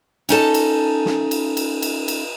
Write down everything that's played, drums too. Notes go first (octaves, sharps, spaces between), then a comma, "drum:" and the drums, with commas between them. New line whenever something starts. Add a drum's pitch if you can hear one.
C#4 D#4 A4 A5, drum: cymbal
drum: cymbal
drum: snare
drum: cymbal
drum: cymbal
drum: cymbal
drum: cymbal